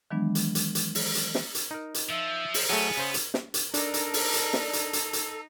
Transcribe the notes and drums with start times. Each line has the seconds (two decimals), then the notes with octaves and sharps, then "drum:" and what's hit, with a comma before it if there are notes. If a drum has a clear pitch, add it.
0.11 D#3 E3 F#3 G#3 B3 D4
0.35 drum: hi-hat
0.55 drum: hi-hat
0.75 drum: hi-hat
0.95 drum: open hi-hat
1.15 drum: hi-hat
1.35 drum: snare
1.55 drum: hi-hat
1.71 D#4 A#4
1.94 drum: hi-hat
2.10 F3 E5
2.54 drum: open hi-hat
2.70 F#3 A3 B3 G#4
2.97 C#3 C5
3.14 drum: hi-hat
3.34 drum: snare
3.54 drum: hi-hat
3.74 D4 D#4 A4 A#4, drum: hi-hat
3.94 drum: hi-hat
4.14 drum: open hi-hat
4.33 drum: hi-hat
4.53 drum: snare
4.73 drum: hi-hat
4.93 drum: hi-hat
5.13 drum: hi-hat